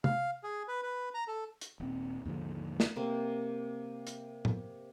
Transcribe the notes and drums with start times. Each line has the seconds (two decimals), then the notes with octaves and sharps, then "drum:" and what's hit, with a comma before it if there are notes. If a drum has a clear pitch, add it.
0.04 F5, drum: tom
0.43 G#4
0.68 B4
0.83 B4
1.14 A#5
1.27 A4
1.61 drum: hi-hat
1.80 D#1 C4
2.25 D#2 G#2 D3 F3
2.80 drum: snare
2.96 C3 A#3 C4
4.07 drum: hi-hat
4.45 drum: tom A2